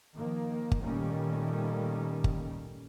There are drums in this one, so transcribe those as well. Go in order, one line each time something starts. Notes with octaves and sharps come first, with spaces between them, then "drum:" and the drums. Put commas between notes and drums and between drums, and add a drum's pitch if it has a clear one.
D#3 F3 A#3
drum: kick G1
A#2 D#3 G3 A3 A#3 C#4
drum: kick G1